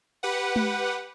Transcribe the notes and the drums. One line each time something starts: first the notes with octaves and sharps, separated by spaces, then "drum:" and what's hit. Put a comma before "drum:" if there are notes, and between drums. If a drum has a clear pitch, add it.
G4 B4 F#5
drum: tom G#3